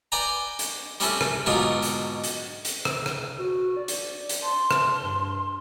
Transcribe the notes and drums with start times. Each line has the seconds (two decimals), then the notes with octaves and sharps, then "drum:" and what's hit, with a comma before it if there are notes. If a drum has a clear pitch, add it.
0.12 B4 D5 G5 G#5 A#5
0.59 drum: hi-hat
1.00 G3 C4 C#4 E4 A4, drum: hi-hat
1.21 drum: rim click
1.46 G#2 B2 D3 F#3 B3 F4
1.82 drum: hi-hat
2.24 drum: hi-hat
2.65 drum: hi-hat
2.85 drum: rim click
3.06 drum: rim click
3.39 F#4
3.77 D5
3.88 drum: hi-hat
4.29 drum: hi-hat
4.42 A5 C6
4.71 drum: rim click
5.04 G2